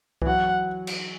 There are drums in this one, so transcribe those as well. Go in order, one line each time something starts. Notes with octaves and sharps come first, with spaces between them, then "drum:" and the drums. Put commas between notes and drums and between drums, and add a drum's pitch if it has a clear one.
E3, drum: kick C2
F#3 F#5
drum: cymbal